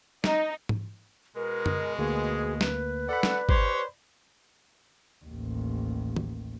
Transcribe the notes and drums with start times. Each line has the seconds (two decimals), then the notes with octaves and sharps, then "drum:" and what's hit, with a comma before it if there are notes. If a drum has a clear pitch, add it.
0.24 D#4, drum: snare
0.69 drum: tom G#2
1.36 B2 G#3 A#4
1.66 drum: tom
1.98 D2 A#3 G#4
2.61 B4, drum: snare
3.09 A4 D5 F#5 B5
3.23 drum: snare
3.49 G4 C5 C#5, drum: kick
5.26 A1 D#2
6.16 drum: tom